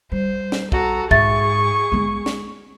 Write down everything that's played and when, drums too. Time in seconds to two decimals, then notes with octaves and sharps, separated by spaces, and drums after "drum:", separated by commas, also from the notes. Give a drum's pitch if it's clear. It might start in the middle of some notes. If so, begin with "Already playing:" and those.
0.12 G3 C5
0.52 drum: snare
0.72 F#4 A4 A#5, drum: kick
1.11 G#2 G#4 E5 C#6 A6, drum: kick
1.92 G#3 B3
2.26 drum: snare